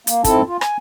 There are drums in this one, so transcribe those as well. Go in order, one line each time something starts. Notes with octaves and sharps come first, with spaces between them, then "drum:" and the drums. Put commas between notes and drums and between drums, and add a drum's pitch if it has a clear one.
A#3, drum: hi-hat
F2 G#2 C4 E4 A4 A5, drum: kick, hi-hat
F4
G#5, drum: rim click